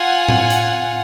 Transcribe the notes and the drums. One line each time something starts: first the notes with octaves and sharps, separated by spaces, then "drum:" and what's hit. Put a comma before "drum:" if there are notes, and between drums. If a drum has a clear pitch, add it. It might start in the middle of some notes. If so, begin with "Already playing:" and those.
Already playing: F4 F#5 G#5
drum: tom A2
drum: hi-hat